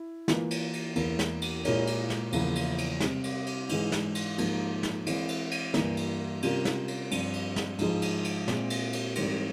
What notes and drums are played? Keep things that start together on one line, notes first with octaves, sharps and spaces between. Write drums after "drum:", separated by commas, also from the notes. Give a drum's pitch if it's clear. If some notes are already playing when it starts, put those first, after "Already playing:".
Already playing: E4
E3 A#3 F4, drum: snare
drum: cymbal
drum: cymbal
E2 E3 A#3 E4 A#4, drum: cymbal
drum: snare
drum: cymbal
A#2 G#3 E4 A#4 C#5, drum: cymbal
drum: cymbal
drum: snare
E2 C#3 F3 A#3 E4, drum: cymbal
drum: cymbal
drum: cymbal
C3 G3 C4, drum: snare
drum: cymbal
drum: cymbal
G#2 E3 G#3, drum: cymbal
drum: snare
drum: cymbal
G#2 F3 A#3, drum: cymbal
drum: snare
E3 G#3 C4 E4, drum: cymbal
drum: cymbal
drum: cymbal
G2 E3 A#3, drum: snare
drum: cymbal
C3 G3 C#4 F4 A#4, drum: cymbal
drum: snare
drum: cymbal
G2 F3 C4, drum: cymbal
drum: cymbal
drum: snare
G#2 F3 G#3, drum: cymbal
drum: cymbal
drum: cymbal
A#2 G#3 C4, drum: snare
drum: cymbal
drum: cymbal
G#2 E3 G3 C4, drum: cymbal